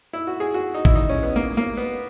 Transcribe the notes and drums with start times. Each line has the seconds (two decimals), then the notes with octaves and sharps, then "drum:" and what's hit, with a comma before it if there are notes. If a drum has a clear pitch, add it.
0.13 E4
0.27 F#4
0.40 G#4
0.54 F#4
0.74 D#4
0.85 E4, drum: kick A1
0.95 D#4
1.09 C#4
1.23 B3
1.36 A#3
1.57 A#3
1.77 B3